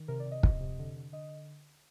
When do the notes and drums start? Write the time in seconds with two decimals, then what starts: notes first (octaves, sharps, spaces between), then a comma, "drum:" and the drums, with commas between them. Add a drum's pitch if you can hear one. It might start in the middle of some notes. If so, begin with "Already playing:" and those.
Already playing: D#3
0.08 C3 A#4
0.20 D5
0.26 C3
0.31 D#5
0.43 F2, drum: kick
0.60 C3
0.79 D3
0.96 D3
1.12 D3 D#5